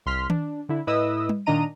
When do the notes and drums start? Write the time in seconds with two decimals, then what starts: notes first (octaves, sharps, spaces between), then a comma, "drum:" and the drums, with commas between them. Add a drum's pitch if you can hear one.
0.06 C2 C6 F6 B6
0.30 D4, drum: tom D#3
0.69 D3 E4
0.87 A2 E4 B4 D#5 D#6 E6
1.29 drum: tom G3
1.46 A#2 D#3 D4 D#5 A#5 D#7